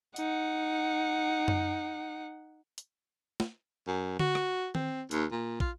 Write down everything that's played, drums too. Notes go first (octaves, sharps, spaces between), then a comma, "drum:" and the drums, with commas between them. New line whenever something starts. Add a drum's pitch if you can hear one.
D#4 F#5, drum: hi-hat
drum: tom F#2
drum: hi-hat
drum: snare
F#2
F#4, drum: tom D3
drum: rim click
C4, drum: tom D#3
D#2, drum: hi-hat
A#2
F4, drum: kick